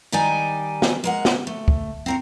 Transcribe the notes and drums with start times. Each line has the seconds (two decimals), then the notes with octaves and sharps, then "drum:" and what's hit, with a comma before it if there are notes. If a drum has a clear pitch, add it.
0.12 D#3 G3 D#4 D5 G#5
0.82 drum: snare
1.04 G#3 A#4 F#5
1.25 drum: snare
1.47 A3
1.68 drum: kick
2.06 C4 A#4 C#5